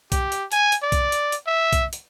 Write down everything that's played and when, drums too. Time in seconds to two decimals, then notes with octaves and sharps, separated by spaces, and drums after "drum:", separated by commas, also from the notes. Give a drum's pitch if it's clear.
0.12 G4, drum: kick B1, hi-hat
0.32 drum: hi-hat
0.52 G#5, drum: hi-hat
0.72 drum: hi-hat
0.82 D5
0.92 drum: kick B1, hi-hat
1.12 drum: hi-hat
1.32 drum: hi-hat
1.47 E5
1.73 drum: kick B1, hi-hat
1.93 drum: hi-hat